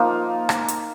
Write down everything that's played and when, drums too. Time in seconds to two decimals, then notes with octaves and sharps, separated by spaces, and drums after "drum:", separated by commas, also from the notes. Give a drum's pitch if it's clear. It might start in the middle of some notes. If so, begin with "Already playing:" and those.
Already playing: F3 A#3 D#4 F4
0.49 drum: rim click
0.68 drum: hi-hat